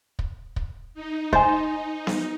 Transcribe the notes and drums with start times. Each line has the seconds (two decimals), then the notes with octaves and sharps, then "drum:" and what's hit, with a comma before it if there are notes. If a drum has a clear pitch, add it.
0.19 drum: kick
0.56 drum: kick
0.94 D#4
1.33 C5 D#5 G#5, drum: kick
2.07 drum: snare B3